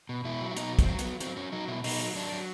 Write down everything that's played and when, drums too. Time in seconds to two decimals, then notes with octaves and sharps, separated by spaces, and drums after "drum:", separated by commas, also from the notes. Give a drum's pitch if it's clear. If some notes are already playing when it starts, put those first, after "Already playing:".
0.09 B2
0.25 B2 E4
0.41 F#3
0.51 E4
0.57 B2 D#4, drum: hi-hat
0.73 F#3
0.79 C4, drum: kick, hi-hat
0.89 F#3
0.99 B3, drum: hi-hat
1.05 F#3
1.20 F#3 C4, drum: hi-hat
1.36 F#3 C#4
1.52 F#3 D#4
1.68 B2 E4
1.84 B2 D#4, drum: open hi-hat
2.00 F#3
2.15 F#3 D4
2.32 F#3